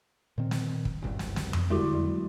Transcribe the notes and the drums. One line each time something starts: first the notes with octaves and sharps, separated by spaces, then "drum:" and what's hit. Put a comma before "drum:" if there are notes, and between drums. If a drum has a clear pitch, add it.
A#2 D#3 C4
drum: snare
drum: kick
F#1 C2 G2
drum: snare
drum: snare
drum: tom F2
D3 G3 G#3 E4 F#4
F#3